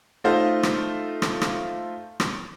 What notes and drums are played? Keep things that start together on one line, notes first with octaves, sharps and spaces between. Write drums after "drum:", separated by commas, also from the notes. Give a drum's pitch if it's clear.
A3 D#4 F4 C5
drum: rim click
drum: rim click
drum: rim click
drum: rim click